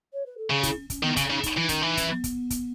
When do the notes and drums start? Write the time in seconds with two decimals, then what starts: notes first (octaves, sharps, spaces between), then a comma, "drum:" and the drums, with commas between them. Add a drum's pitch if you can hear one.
0.13 C#5
0.26 B4
0.38 A4
0.50 C#3 G#4
0.63 E4, drum: kick, hi-hat
0.77 C#4
0.90 C#4, drum: kick, hi-hat
1.03 D#3 B3
1.17 C#3 C#4, drum: kick, hi-hat
1.30 C#3 D#4
1.43 D#4, drum: kick, hi-hat
1.57 E3
1.62 D#4
1.69 D#3 C#4, drum: kick, hi-hat
1.82 E3 D#4
1.97 C#4, drum: kick, hi-hat
2.11 B3
2.24 drum: kick, hi-hat
2.50 drum: kick, hi-hat